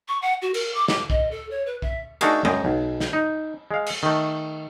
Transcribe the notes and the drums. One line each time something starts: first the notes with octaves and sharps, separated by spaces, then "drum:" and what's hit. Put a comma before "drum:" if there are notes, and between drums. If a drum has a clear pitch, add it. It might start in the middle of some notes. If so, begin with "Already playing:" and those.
C#6
F#5
F#4
A#4, drum: cymbal
D6
D6, drum: snare
D#5, drum: kick B1
A4
C#5
B4
E5, drum: kick B1
A3 D4 D#4 F#4 G#4 A#4, drum: cymbal
F#2 D#5 G5, drum: tom G#3
B1
drum: snare
D#4
G#3 F5
drum: cymbal
D#3 A3